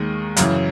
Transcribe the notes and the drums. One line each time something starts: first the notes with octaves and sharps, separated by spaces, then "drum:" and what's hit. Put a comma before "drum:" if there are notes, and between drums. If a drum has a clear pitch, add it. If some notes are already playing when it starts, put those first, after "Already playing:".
Already playing: D#2 D#3 G#3
F#2 C#3 E3, drum: hi-hat